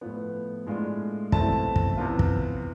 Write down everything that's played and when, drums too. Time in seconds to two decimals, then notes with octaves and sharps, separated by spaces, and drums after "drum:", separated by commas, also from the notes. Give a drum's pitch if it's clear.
0.01 A2 F3 B3
0.67 A2 G#3 D4 F4
1.32 B2 A3 C4 E4 A5, drum: kick
1.76 drum: kick
1.97 C3 E3 B3 F4
2.19 drum: kick